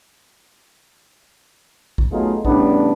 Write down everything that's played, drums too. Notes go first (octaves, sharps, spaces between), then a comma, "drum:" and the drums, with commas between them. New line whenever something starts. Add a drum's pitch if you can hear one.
drum: kick A1
F#3 A3 B3 D#4 F4 G#4
A2 C#3 G3 B3 D4, drum: kick A1